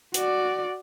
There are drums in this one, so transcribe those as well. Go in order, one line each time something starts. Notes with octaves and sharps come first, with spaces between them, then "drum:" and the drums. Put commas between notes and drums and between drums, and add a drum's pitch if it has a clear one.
F#4 D5, drum: hi-hat